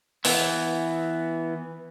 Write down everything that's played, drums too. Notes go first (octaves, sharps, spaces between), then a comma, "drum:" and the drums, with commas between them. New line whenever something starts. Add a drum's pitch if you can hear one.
E3 B3, drum: open hi-hat